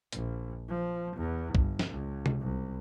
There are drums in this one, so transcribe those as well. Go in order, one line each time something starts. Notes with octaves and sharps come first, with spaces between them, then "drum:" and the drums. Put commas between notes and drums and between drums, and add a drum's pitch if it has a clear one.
A#1, drum: hi-hat
F3
E2
G1, drum: kick
drum: snare
C#2
drum: tom C3
C2